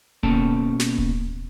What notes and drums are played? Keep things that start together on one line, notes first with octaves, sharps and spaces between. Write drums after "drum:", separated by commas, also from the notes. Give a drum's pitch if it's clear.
B2 A#3 C#4 A4 G5 A5, drum: kick D1
drum: snare
drum: kick D1